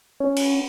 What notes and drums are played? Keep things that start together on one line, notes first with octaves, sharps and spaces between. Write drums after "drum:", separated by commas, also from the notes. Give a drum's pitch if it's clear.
C#4
drum: cymbal